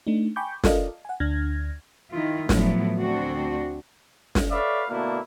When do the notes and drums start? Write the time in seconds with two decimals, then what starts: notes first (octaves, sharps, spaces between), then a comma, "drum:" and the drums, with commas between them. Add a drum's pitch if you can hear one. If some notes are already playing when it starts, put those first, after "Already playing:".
0.07 A3 D4 D#4
0.36 G5 G#5 B5 C#6 D6 G6
0.64 F4 A4 A#4 D5 D#5 F5, drum: snare
1.05 F#5 G#5
1.20 D2 D4 F6 G#6 A#6
2.12 D#3 E4 F4
2.49 A2 F3 F#3 B3 E4, drum: snare
3.00 D2 C4 D4 F#4
4.35 drum: snare
4.51 A4 B4 C#5 D5 E5 F5
4.89 B2 D3 A3 A#3 D4 E4